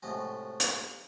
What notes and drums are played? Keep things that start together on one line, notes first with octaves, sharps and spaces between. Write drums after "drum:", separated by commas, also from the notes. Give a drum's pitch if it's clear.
A2 C3 F3 G#3 F#4
drum: hi-hat